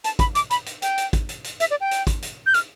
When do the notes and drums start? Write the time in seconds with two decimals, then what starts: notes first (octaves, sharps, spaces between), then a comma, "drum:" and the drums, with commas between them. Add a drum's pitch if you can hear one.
0.04 A5, drum: hi-hat
0.19 B5, drum: kick, hi-hat
0.35 D6, drum: hi-hat
0.50 B5, drum: hi-hat
0.66 drum: hi-hat
0.82 G5, drum: hi-hat
0.98 drum: hi-hat
1.13 drum: kick, hi-hat
1.29 drum: hi-hat
1.44 drum: hi-hat
1.60 E5, drum: hi-hat
1.70 D5
1.80 G5
1.91 drum: hi-hat
2.07 drum: kick, hi-hat
2.22 drum: hi-hat
2.46 G6
2.54 F6, drum: hi-hat